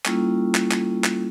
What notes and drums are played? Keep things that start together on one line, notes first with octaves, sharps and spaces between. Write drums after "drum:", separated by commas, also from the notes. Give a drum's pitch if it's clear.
G3 A#3 C#4 E4 F4 A4, drum: clap
drum: clap
drum: clap
drum: clap